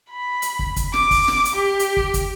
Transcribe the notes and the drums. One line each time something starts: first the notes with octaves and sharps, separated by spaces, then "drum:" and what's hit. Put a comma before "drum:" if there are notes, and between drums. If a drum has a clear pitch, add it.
B5
drum: hi-hat
drum: kick
drum: kick, hi-hat
D6, drum: snare
drum: kick, open hi-hat
drum: snare
drum: hi-hat
G4
drum: hi-hat
drum: kick
drum: kick, hi-hat